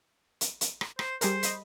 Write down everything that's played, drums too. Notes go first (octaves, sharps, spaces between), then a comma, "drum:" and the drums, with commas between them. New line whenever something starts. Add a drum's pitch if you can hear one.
drum: hi-hat
drum: hi-hat
drum: rim click
C5, drum: rim click
G3 G#4 A#4 C5, drum: hi-hat
D#5 B5, drum: hi-hat